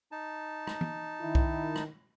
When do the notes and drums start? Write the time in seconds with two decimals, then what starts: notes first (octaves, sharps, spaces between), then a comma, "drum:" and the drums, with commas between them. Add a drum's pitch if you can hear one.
0.12 D#4 A5
0.67 drum: rim click
0.81 drum: tom
1.21 D#3 E4
1.35 drum: kick B1
1.76 drum: rim click